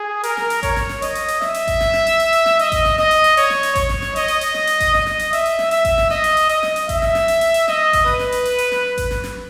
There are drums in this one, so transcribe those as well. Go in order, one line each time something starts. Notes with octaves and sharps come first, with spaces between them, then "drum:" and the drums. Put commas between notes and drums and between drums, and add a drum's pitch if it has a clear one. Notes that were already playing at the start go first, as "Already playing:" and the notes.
Already playing: G#4
A#4, drum: hi-hat
drum: snare
drum: hi-hat
C#5, drum: kick A1, hi-hat
drum: snare
drum: snare
D#5, drum: hi-hat
drum: hi-hat
drum: hi-hat
E5, drum: snare
drum: hi-hat
drum: kick A1, hi-hat
drum: snare
drum: snare
drum: hi-hat
drum: hi-hat
drum: hi-hat
drum: snare
D#5, drum: hi-hat
drum: kick A1, hi-hat
drum: snare
D#5, drum: snare
drum: hi-hat
drum: hi-hat
C#5, drum: hi-hat
drum: snare
drum: hi-hat
C#5, drum: kick A1, hi-hat
drum: snare
drum: snare
D#5, drum: hi-hat
drum: hi-hat
drum: hi-hat
drum: snare
drum: hi-hat
drum: kick A1, hi-hat
D#5, drum: snare
drum: snare
drum: hi-hat
E5, drum: hi-hat
drum: hi-hat
drum: snare
E5, drum: hi-hat
drum: kick A1, hi-hat
drum: snare
D#5, drum: snare
drum: hi-hat
drum: hi-hat
D#5, drum: hi-hat
drum: snare
drum: hi-hat
E5, drum: kick A1, hi-hat
drum: snare
drum: snare
drum: hi-hat
drum: hi-hat
drum: hi-hat
D#5, drum: snare
drum: kick A1, hi-hat
B4, drum: snare
drum: snare
drum: hi-hat
drum: hi-hat
drum: hi-hat
drum: snare
drum: kick A1, hi-hat
drum: snare
drum: snare